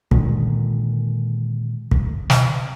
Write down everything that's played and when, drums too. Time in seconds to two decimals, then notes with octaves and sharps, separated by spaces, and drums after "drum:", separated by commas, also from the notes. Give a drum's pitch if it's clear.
0.11 A#2 D3 D#3 G#3, drum: kick
1.91 drum: kick
2.30 drum: snare